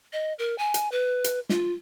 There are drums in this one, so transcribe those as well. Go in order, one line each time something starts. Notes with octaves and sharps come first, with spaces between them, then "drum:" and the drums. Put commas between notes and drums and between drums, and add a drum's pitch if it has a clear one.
D#5
A#4
G#5
drum: hi-hat
B4
drum: hi-hat
F4, drum: snare